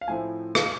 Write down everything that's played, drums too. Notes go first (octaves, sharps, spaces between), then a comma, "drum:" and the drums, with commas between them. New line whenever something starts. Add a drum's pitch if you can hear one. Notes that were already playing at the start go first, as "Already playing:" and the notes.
F5
A2 F3 A3 C4 E4 G#5
F5, drum: rim click